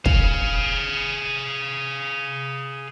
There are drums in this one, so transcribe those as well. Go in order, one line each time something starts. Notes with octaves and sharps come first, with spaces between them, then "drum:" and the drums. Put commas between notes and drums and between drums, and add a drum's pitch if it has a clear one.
G#4 F5, drum: kick